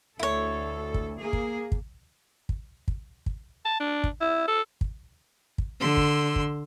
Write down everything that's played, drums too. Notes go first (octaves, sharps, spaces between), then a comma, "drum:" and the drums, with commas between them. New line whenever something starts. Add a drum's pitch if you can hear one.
D2 E4 A4 C#5
drum: kick
A#3 G#4
drum: kick
drum: kick
drum: kick
drum: kick
drum: kick
A5
D4
drum: kick
E4
A4
drum: kick
drum: kick
D3 C6 E6
drum: kick
drum: kick